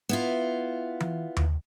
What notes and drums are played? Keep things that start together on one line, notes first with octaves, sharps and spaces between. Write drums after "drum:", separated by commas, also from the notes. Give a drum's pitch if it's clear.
B3 E4 F4
drum: tom E3
drum: tom D#2